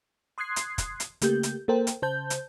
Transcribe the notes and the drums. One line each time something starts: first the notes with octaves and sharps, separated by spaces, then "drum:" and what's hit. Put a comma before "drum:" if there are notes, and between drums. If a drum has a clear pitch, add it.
C6 D#6 F#6 G#6 C7
drum: hi-hat
drum: kick, hi-hat
drum: hi-hat
C#3 A3 A#3 G4 G6, drum: hi-hat
drum: hi-hat
A#3 A4 A#4 C5 G5
drum: hi-hat
C#3 C5 A5 G6
drum: hi-hat